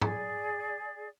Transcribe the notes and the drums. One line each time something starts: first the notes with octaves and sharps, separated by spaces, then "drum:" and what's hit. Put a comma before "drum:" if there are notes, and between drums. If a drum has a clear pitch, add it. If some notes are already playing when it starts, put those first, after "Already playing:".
G#4 D5, drum: tom